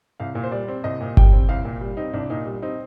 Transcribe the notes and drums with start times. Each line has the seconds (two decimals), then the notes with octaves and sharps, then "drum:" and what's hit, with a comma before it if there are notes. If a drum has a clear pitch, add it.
0.20 C2 F5
0.35 A#2
0.43 C5
0.51 G3 D5
0.68 C4
0.84 C2 D#5
1.01 A#2
1.17 G3 G5, drum: kick G1
1.33 C4
1.49 C2 F5
1.65 A#2
1.81 G3
1.97 C4 D#4
2.13 C2 D4
2.30 A#2 D#4
2.45 G3
2.62 C4 D#4